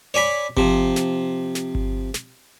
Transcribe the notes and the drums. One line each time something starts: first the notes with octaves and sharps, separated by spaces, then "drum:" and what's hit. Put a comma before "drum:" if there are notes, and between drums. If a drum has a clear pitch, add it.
C#5 D5 G#5 B5
C3 F3, drum: kick G1
drum: snare
drum: snare
drum: kick G1
drum: snare